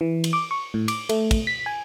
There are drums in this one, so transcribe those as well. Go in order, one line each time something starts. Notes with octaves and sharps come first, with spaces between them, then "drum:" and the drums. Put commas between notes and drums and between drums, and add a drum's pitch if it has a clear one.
E3
drum: cymbal
D6
C#6
A2
D6, drum: cymbal
A3, drum: cymbal
drum: kick, cymbal
B6
G#5